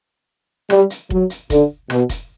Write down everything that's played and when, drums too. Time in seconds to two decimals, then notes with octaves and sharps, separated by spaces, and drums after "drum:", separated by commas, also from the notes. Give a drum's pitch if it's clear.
0.70 G3, drum: rim click
0.90 drum: hi-hat
1.10 F#3, drum: kick F1
1.30 drum: hi-hat
1.50 D3, drum: kick F1, hi-hat
1.90 B2, drum: rim click
2.09 drum: kick F1, hi-hat